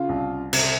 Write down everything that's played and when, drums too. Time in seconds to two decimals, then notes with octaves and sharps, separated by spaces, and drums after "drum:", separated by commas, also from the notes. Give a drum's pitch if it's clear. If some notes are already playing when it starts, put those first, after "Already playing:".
Already playing: C#3 F4
0.09 C2
0.53 C3, drum: cymbal